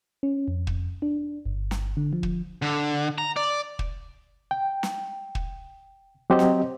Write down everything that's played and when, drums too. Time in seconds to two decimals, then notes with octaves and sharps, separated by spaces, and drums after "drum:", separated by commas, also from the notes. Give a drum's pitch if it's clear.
0.23 C#4
0.48 F2
0.67 drum: kick
1.02 D4
1.46 G1
1.71 drum: snare
1.97 D3
2.13 F3
2.23 drum: kick
2.62 D3
3.18 A#5
3.37 D5
3.79 drum: kick
4.51 G5
4.83 drum: snare
5.35 drum: kick
6.30 F#3 C4 G4 C5 D#5
6.39 drum: snare